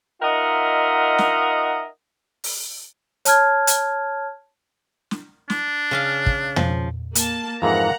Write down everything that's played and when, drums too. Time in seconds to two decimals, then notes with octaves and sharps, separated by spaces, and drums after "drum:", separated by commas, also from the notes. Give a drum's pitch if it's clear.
0.21 D#4 F4 A#4 D#5 E5 F#5
1.18 drum: snare
2.44 drum: open hi-hat
3.25 C#5 A5 F6 G#6, drum: hi-hat
3.67 drum: hi-hat
5.11 drum: snare
5.50 D4, drum: snare
5.91 C#3 C#4 F5
6.26 drum: kick
6.56 F3, drum: tom
7.15 A#3 A5, drum: hi-hat
7.62 F2 G#2 E3 A#3 F#5 A#5